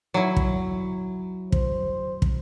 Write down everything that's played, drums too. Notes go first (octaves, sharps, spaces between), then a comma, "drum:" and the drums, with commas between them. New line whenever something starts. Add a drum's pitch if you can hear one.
F#3 E4
drum: kick
C5, drum: kick
drum: kick